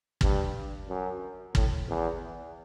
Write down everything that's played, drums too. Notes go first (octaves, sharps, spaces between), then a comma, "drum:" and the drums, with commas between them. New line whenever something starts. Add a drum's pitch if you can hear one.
G2, drum: kick
F#2
A2, drum: kick
E2